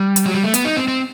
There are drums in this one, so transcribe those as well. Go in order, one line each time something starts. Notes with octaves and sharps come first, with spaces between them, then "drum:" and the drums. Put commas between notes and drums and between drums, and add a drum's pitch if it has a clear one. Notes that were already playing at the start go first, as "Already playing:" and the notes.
Already playing: G3
drum: hi-hat
F#3
G3
A3
B3, drum: hi-hat
D#4
C4
C4